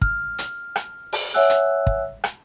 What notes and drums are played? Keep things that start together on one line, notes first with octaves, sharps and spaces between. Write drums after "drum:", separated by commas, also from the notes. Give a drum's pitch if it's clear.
F6, drum: kick
drum: hi-hat
drum: rim click
drum: open hi-hat
C#5 E5 F#5 G#5 E6 F#6
drum: hi-hat
drum: kick
drum: rim click